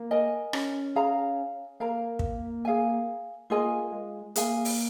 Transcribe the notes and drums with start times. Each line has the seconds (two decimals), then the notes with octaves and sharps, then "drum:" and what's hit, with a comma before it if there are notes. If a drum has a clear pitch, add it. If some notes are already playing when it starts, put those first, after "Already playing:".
Already playing: A#3
0.11 A#4 D#5 G#5
0.53 C#4, drum: rim click
0.96 G#4 F5 A#5
1.80 A#3 A#4 F5 A#5
2.19 drum: kick
2.65 G#4 F5 G#5
3.50 A#3 F4 G#4 D#5 G#5
3.87 A#3
3.92 G#3
4.36 A#3 G#4 F5 G#5, drum: hi-hat
4.65 drum: open hi-hat